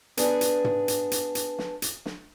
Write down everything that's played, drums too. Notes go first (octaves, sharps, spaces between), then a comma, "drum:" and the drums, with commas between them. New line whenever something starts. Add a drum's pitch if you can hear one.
B3 D4 G#4, drum: hi-hat
drum: hi-hat
drum: tom
drum: hi-hat
drum: hi-hat
drum: hi-hat
drum: snare
drum: hi-hat
drum: snare